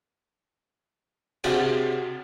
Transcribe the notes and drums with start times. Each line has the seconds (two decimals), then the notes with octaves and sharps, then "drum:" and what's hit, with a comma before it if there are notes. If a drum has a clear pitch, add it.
1.44 C3 D4 F#4 G#4 F5, drum: cymbal